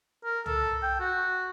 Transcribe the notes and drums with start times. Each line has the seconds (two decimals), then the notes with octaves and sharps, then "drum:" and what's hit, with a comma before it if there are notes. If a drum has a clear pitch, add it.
0.24 A#4
0.46 A4, drum: tom
0.83 G5
1.00 F#4